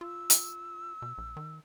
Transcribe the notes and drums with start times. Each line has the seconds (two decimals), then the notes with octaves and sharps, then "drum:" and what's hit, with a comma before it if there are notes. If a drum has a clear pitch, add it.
0.01 F4 E6
0.30 drum: hi-hat
1.02 B2
1.18 A#1
1.37 D#3